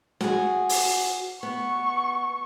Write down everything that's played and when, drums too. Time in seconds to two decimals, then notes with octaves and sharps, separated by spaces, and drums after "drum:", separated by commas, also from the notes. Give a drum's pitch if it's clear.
0.21 F#4 G#4, drum: snare
0.69 drum: open hi-hat
1.43 B3 C#6